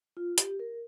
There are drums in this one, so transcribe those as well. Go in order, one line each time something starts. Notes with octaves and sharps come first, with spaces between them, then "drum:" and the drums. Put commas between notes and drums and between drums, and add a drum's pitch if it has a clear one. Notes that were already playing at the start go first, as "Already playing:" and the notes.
F4
G4, drum: hi-hat
A#4